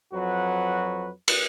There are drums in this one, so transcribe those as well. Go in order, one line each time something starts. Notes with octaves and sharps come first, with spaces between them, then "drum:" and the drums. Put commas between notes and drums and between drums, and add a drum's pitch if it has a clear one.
F2 F#3 F#4 B4
drum: cymbal